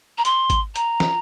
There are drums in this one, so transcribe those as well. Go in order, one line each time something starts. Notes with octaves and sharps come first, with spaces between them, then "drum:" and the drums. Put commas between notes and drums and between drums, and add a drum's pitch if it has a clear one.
A#5
C6, drum: hi-hat
drum: kick G#1, hi-hat
A#5, drum: hi-hat
drum: snare